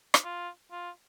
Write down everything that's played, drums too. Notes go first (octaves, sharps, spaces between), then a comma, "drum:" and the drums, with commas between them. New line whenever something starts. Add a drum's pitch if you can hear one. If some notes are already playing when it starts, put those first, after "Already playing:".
drum: rim click
F4
F4